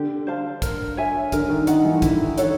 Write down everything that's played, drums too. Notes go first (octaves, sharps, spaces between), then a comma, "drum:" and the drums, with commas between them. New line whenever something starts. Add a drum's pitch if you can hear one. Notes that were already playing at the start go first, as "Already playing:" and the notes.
Already playing: D3 G4
C5 F5 A5
A#4, drum: kick, hi-hat
C#5 E5 G#5
D3 A#4, drum: kick, hi-hat
D#3
D#3 D#5 F#5, drum: hi-hat
E3
D#3
D3 E4, drum: kick, hi-hat
A4 C#5 F#5, drum: hi-hat